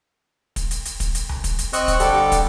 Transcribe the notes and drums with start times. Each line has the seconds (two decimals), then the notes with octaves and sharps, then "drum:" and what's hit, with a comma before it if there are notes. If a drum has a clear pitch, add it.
0.56 drum: kick, hi-hat
0.71 drum: hi-hat
0.85 drum: hi-hat
1.00 drum: kick, hi-hat
1.15 drum: hi-hat
1.29 drum: tom C2
1.44 drum: kick, hi-hat
1.59 drum: hi-hat
1.73 C4 D#5 C#6 E6 F#6, drum: hi-hat
1.88 drum: kick, hi-hat
2.00 D3 G3 G4 A4, drum: hi-hat
2.32 drum: kick, hi-hat